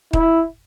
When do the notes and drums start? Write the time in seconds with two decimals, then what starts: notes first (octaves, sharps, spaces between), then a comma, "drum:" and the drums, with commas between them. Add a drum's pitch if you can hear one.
0.13 E4, drum: kick D#1